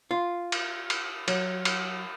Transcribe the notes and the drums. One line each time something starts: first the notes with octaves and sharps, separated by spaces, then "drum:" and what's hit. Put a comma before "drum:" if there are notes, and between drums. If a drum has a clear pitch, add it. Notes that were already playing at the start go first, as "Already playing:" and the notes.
F4
drum: cymbal
drum: cymbal
F#3, drum: cymbal
drum: cymbal